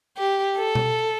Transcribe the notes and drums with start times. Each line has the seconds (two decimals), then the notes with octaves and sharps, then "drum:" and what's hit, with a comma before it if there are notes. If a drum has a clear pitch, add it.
0.17 G4
0.56 A4
0.75 drum: tom B2